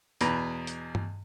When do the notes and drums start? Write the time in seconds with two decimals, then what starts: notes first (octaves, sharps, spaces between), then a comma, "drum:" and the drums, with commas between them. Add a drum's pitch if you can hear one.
0.21 E2 B2 B4 A#5, drum: hi-hat
0.67 drum: hi-hat
0.95 drum: tom G2